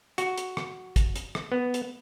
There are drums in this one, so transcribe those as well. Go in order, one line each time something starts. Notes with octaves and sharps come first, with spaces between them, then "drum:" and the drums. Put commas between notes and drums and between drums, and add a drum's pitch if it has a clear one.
F#4, drum: hi-hat
drum: hi-hat
drum: rim click
drum: kick, hi-hat
drum: hi-hat
drum: rim click
B3
drum: hi-hat